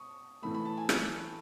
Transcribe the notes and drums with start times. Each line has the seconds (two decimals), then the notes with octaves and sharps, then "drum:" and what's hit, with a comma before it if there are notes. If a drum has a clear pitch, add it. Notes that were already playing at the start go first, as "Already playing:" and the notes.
Already playing: C#6 D#6
0.42 A2 E3 A3 B5
0.55 B5
0.65 A5
0.77 G#5
0.89 drum: rim click